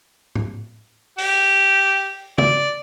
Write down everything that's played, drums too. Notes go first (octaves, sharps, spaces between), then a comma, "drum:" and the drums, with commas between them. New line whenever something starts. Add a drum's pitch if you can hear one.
drum: tom A2
G4, drum: open hi-hat
D5, drum: tom